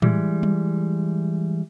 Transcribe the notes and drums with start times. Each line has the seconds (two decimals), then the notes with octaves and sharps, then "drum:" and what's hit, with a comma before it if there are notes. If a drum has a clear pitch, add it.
0.02 E3 G3 G#3, drum: tom A2
0.43 drum: tom G3